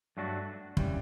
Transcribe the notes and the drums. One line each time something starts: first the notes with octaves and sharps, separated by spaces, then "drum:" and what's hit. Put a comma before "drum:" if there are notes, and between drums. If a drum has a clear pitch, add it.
G2 F#3 A3 D4 F#4
C#3 E3 G3, drum: kick